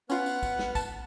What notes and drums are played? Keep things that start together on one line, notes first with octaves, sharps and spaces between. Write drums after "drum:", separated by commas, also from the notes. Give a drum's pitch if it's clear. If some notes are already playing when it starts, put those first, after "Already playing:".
B3 C#4 F4 B4 F#5 F6, drum: tambourine
drum: tambourine
drum: kick, tambourine
drum: snare
A5, drum: kick, tambourine